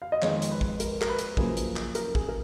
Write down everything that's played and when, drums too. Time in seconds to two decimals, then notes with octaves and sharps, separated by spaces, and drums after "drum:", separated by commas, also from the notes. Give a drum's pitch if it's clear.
0.02 F5
0.12 D#5
0.22 F2 D#3 G#3 B3 C#5, drum: clap
0.42 drum: hi-hat
0.51 B4
0.61 drum: kick A1
0.80 A#4, drum: hi-hat
1.01 A#4, drum: clap
1.09 B4
1.19 drum: hi-hat
1.37 F#2 C#3 F3 A#3 G#4, drum: kick A1
1.57 drum: hi-hat
1.76 drum: clap
1.95 A#4, drum: hi-hat
2.15 G#4, drum: kick A1
2.28 A#4